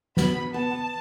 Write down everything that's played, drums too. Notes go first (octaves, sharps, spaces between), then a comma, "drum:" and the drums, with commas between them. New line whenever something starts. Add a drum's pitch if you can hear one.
B3 B5, drum: snare
B3
B3 A5
B3